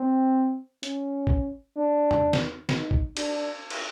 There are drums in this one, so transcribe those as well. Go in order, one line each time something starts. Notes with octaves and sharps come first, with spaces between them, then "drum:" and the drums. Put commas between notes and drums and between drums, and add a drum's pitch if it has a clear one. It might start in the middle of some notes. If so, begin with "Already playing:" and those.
Already playing: C4
C#4, drum: hi-hat
drum: kick
D4
drum: tom E2
drum: snare
D#4, drum: snare
drum: kick
D4, drum: cymbal
drum: cymbal